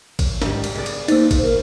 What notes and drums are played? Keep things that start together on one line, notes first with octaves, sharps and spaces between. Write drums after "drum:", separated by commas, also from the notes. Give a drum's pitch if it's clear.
drum: kick A1, cymbal
G#2 D#3 G3, drum: snare
drum: cymbal
C#3 B3 D5
drum: cymbal
A#3 D#4 C5, drum: cymbal
drum: kick A1, cymbal
B2 A#4